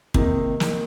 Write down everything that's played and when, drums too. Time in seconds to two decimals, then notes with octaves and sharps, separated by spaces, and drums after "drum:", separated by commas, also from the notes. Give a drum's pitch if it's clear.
0.14 C3 D#3 A#3 D#4, drum: kick
0.60 D#3 A#3 D#4, drum: snare